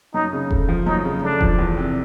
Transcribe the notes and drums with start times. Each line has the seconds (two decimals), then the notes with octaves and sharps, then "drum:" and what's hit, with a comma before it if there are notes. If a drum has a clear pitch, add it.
0.14 F#2 D#4
0.33 C#3
0.51 A3, drum: kick E1
0.69 F3
0.86 F#2 D#4
1.05 C#3
1.23 A3 D4
1.41 F3, drum: kick E1
1.59 E2
1.77 C3